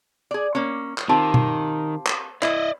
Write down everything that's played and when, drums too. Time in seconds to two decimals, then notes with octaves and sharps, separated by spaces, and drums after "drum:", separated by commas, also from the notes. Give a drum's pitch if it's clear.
0.31 G#4 D5
0.55 A#3 C#4
0.98 drum: clap
1.09 D#3 C4 F4 G4 A5
1.34 drum: tom B2
2.06 drum: clap
2.42 E4 D5 D#5, drum: clap